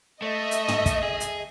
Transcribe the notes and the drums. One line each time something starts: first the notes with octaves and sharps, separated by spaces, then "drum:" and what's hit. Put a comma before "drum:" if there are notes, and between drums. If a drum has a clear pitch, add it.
A3 D#5 E5
drum: hi-hat
drum: tom
drum: kick, hi-hat
G#4
drum: hi-hat